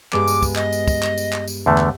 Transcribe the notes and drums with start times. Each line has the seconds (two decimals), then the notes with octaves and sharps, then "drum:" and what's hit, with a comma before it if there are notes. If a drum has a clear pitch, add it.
0.13 G2 G#3 B3 D6, drum: clap
0.28 drum: tambourine
0.43 drum: kick, tambourine
0.56 D#5, drum: clap
0.73 drum: tambourine
0.88 drum: kick, tambourine
1.03 drum: clap
1.18 drum: tambourine
1.33 drum: clap
1.48 drum: tambourine
1.66 E2 D3 A3
1.78 drum: clap